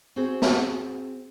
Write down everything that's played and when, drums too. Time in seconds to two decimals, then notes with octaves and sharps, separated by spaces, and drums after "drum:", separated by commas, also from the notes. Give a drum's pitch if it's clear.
0.16 C4 F#4 G#4 C5
0.42 drum: snare